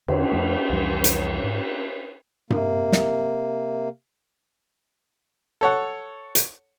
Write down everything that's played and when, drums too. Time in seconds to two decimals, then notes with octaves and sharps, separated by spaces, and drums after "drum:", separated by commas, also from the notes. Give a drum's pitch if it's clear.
0.08 E2 D3, drum: cymbal
0.32 F2 F3 A3
0.70 C2 F2 E3 G3
1.04 drum: hi-hat
1.44 G#2
2.50 C3 A#3, drum: tom G2
2.92 drum: snare
5.61 A4 C#5 F#5
6.35 drum: hi-hat